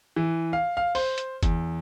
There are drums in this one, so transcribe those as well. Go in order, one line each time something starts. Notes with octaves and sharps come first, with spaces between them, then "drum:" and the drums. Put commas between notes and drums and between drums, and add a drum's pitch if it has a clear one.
E3
F5
F5
C5, drum: open hi-hat
drum: hi-hat
E2, drum: kick F#1, hi-hat